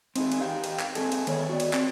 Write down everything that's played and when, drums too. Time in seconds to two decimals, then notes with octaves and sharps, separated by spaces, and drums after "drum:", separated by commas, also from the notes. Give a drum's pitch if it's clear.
0.16 C4 D#4 G#4, drum: cymbal
0.32 drum: cymbal
0.41 G4 A#4 F5
0.64 drum: cymbal
0.80 drum: clap
0.95 C4 G#4 A4, drum: cymbal
1.12 drum: cymbal
1.27 D#3 B3 C#5, drum: cymbal
1.49 F#4 D5
1.60 drum: cymbal
1.73 C4, drum: clap